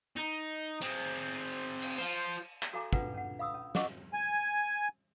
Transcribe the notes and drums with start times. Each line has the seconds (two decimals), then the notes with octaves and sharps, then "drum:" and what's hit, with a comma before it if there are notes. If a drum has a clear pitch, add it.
0.16 D#4
0.82 C4 G#4, drum: hi-hat
1.82 drum: cymbal
1.99 F4 C5
2.63 drum: clap
2.73 F#4 A4 F5 G#5 A#5 D6
2.93 D4 F4 A4 B4 F#5 A#5, drum: kick
3.14 C#4 F#5
3.39 F5 B5 D#6 E6
3.54 C#4
3.75 G#4 A#4 D#5 F#5 C#6 D6, drum: snare
4.14 G#5